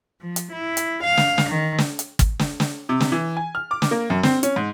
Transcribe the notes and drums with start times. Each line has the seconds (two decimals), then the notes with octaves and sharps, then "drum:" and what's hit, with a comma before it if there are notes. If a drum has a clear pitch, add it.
0.21 F3
0.36 drum: hi-hat
0.52 E4
0.77 drum: hi-hat
1.04 F5
1.17 drum: snare
1.38 drum: snare
1.50 D#3
1.78 drum: snare
1.99 drum: hi-hat
2.19 drum: kick, hi-hat
2.39 drum: snare
2.60 drum: snare
2.89 C3
3.00 drum: snare
3.12 E3
3.37 G#5
3.55 F6
3.71 D6
3.82 drum: snare
3.91 A#3
4.10 F#2
4.23 C4, drum: snare
4.43 C#4, drum: hi-hat
4.56 G#2